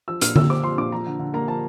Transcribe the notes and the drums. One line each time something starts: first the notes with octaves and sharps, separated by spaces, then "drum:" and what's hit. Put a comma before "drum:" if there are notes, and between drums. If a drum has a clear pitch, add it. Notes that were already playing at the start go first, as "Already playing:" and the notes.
F3 E6
A#2 F6, drum: hi-hat
A#2 E6, drum: tom D3
C4 D6
F3 C6
A#2 D6
F3 A#5
D3
D3
A#3 A#5
F3 A5